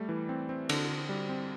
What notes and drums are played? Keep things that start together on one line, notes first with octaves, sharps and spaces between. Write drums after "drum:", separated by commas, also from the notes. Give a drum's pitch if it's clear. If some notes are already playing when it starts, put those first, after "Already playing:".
Already playing: G3 A3
E3
C4
C4
D3, drum: cymbal
D3
G3
C4